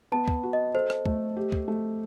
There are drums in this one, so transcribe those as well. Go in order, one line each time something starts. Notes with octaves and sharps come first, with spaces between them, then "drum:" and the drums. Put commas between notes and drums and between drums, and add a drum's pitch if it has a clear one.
B3 A5
drum: kick
F#4
D#5
A4 C5
drum: rim click
A3, drum: kick
G4
drum: kick
A3